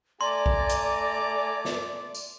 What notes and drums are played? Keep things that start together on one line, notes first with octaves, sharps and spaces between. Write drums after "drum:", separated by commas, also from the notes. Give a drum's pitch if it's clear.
A3 D5 G#5 A#5 C6 D6
drum: kick A#1
drum: hi-hat
drum: snare
drum: tambourine